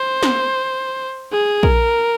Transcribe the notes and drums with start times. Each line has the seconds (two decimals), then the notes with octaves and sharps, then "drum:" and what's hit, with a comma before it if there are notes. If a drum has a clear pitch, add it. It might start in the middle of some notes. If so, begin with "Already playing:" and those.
Already playing: C5
0.23 drum: snare
1.32 G#4
1.63 A#4, drum: kick A#1